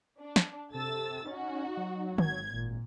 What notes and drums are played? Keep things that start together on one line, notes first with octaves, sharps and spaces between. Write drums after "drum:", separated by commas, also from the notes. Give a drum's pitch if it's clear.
D4
drum: snare
C3 A4 E6 A6
C#4 D#4 F#4
F#3
G#1 G#6, drum: tom
G#1 A#2